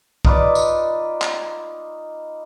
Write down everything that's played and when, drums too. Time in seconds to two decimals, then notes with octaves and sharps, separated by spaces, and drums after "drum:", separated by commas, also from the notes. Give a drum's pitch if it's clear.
0.25 D#4 F4 B4 D5, drum: kick B1
0.55 drum: tambourine
1.22 drum: clap